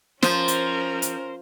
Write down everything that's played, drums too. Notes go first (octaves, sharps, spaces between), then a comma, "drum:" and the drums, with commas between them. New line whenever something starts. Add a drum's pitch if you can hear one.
F3 C#4 A#4 C5, drum: snare
drum: hi-hat
drum: hi-hat